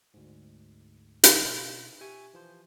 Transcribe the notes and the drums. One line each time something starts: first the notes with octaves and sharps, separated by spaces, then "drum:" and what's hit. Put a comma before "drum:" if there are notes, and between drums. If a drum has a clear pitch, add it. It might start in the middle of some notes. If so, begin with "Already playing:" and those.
D2 G#2
C#3, drum: hi-hat
B2 F4
G4 E5 G#5 C#6
E3 F3 C5